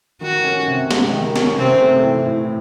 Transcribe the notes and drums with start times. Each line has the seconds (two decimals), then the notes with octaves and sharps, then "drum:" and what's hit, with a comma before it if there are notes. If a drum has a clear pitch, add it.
0.21 D#3 F#4
0.44 C#4
0.68 C3
0.91 G#3, drum: snare
1.13 D#3
1.36 C#4, drum: snare
1.58 C3 C4
1.81 A3
2.04 E3
2.26 A2